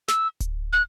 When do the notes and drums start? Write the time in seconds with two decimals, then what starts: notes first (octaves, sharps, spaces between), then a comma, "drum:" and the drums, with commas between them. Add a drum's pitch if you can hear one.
0.08 E6, drum: snare
0.40 drum: kick D1, hi-hat
0.73 F#6